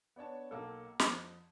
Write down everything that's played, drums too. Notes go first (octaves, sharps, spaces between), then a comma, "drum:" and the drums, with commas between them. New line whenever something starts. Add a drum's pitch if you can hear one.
B3 D4 C#5 A5
B1 A#3 A4
F2, drum: snare